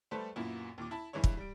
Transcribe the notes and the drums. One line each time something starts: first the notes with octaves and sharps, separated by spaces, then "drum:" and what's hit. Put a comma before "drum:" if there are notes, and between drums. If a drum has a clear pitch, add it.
G3 A3 G4 A4 B4 C5
F#2 A#2 A#3 B3 E4
D#2 A#2 D6
E4 A5 B5
G2 E3 G#3 E4 C#5
drum: kick
G3 D7